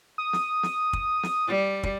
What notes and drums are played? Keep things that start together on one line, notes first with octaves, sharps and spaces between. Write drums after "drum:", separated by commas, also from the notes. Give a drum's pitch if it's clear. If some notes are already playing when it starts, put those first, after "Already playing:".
D#6
drum: snare
drum: snare
drum: kick
drum: snare
G3
drum: kick